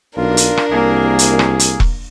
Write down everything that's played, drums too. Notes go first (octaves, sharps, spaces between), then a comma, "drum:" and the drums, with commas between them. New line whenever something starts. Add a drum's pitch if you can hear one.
B1 D4 F4 A#4
drum: hi-hat
drum: rim click
C2 A#3 G#4
drum: hi-hat
drum: rim click
drum: hi-hat
drum: kick E1